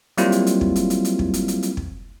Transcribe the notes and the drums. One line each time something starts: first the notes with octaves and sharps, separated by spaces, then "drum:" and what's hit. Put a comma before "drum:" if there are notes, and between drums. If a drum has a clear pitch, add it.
F#3 G3 A#3 C4 E4 F4, drum: hi-hat
drum: hi-hat
drum: hi-hat
drum: kick
drum: hi-hat
drum: hi-hat
drum: hi-hat
drum: kick
drum: hi-hat
drum: hi-hat
drum: hi-hat
drum: kick